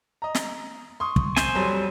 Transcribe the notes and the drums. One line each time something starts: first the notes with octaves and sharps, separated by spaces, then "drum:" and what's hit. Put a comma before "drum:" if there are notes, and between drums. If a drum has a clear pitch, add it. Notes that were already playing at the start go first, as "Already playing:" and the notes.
D#5 A#5
drum: snare
C6 C#6 D#6
drum: kick
C5 G#5, drum: snare
F2 F#3 G3